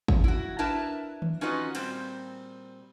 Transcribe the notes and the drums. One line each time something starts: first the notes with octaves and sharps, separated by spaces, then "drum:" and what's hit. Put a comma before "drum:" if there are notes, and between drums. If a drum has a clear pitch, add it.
drum: kick G#1
E4 F#4
D4 E4 A#4 B4 E5 A5
drum: tom D#3
C#4 D#4 F4 F#4 B4 D#5
A#2 G3 C4, drum: cymbal